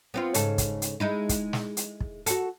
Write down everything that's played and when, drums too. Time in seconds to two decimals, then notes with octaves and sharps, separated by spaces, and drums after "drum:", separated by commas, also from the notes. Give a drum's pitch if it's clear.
0.14 B3 C4 F4
0.34 G#2 C#3 A4, drum: hi-hat
0.58 drum: kick, hi-hat
0.82 drum: hi-hat
1.00 G#3 D#4 E4
1.29 drum: kick, hi-hat
1.53 drum: snare
1.77 drum: hi-hat
2.00 drum: kick
2.26 F#4 A4, drum: hi-hat